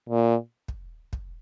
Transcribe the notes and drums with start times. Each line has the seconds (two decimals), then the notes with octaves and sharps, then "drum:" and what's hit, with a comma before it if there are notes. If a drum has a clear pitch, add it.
0.09 A#2
0.68 drum: kick
1.13 drum: kick